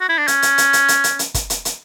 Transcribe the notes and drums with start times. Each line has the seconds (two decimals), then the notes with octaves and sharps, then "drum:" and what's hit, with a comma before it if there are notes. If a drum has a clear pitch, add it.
0.01 F#4
0.09 E4
0.18 D4
0.27 C#4, drum: hi-hat
0.42 drum: hi-hat
0.58 drum: hi-hat
0.73 drum: hi-hat
0.88 drum: hi-hat
1.04 drum: hi-hat
1.19 drum: hi-hat
1.34 drum: kick, hi-hat
1.50 drum: hi-hat
1.65 drum: hi-hat